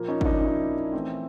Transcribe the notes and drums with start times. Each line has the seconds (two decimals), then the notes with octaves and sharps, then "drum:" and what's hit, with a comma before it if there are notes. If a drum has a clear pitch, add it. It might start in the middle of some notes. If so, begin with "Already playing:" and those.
Already playing: A#2 F3 A#3
0.08 C#4 D#4
0.21 D4, drum: kick
0.25 C#4 D#4
0.42 D4 E4
0.93 E3 A3 C4